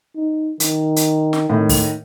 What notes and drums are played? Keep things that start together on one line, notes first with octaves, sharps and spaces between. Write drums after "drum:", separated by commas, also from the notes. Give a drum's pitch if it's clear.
D#4
D#3, drum: hi-hat
drum: hi-hat
drum: snare
A2 D#3
drum: kick, open hi-hat